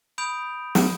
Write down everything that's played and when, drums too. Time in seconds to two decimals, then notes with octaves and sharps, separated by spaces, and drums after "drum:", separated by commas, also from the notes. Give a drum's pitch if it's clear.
0.18 B5 D#6 G6 D7 F7
0.75 drum: snare